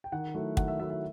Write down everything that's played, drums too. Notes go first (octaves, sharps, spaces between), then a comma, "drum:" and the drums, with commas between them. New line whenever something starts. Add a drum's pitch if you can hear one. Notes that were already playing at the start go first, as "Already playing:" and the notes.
G5
D#3 F#5
F#3 A3 E4
D#3 F#5, drum: kick
E5
F#3 A3 E4 E5
E5